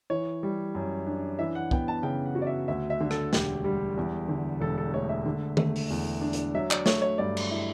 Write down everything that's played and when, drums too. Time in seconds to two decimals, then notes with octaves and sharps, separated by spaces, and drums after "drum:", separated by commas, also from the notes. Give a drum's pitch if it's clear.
0.10 E3 C#5
0.43 G3
0.75 F#2
1.07 D4
1.39 E3 E5
1.55 F#5
1.71 B3 G5, drum: kick
1.88 A5
2.03 C#3 G5
2.26 F#5
2.35 F#4
2.42 D5
2.47 E5
2.68 D2 E5
2.90 E5
3.01 D3
3.11 A4, drum: rim click
3.33 E1 G4, drum: snare
3.64 G3
3.97 E2
4.28 D3
4.60 E1 A4
4.78 A4
4.93 A3 C#5
5.09 E5
5.26 D3
5.57 A3, drum: tom D#3
5.76 drum: open hi-hat
5.90 E2
6.21 D4
6.33 drum: hi-hat
6.55 F#3 E5
6.71 D5, drum: clap
6.86 A3 C#5, drum: snare
7.02 C#5
7.18 G2 D5
7.37 drum: cymbal
7.51 E4